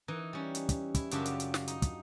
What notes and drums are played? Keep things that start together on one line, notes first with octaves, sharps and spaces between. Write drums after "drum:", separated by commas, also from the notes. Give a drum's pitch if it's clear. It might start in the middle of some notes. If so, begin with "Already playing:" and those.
E3 D#4
G3 C#4
drum: hi-hat
drum: kick, hi-hat
E4, drum: kick, hi-hat
F#2 C#3 D4 F4 G4 E5, drum: hi-hat
drum: hi-hat
drum: hi-hat
drum: snare
D#4, drum: hi-hat
drum: kick, hi-hat